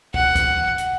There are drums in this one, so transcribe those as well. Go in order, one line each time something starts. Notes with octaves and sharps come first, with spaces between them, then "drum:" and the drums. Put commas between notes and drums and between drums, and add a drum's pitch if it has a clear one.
F#5, drum: kick
drum: kick, hi-hat
drum: hi-hat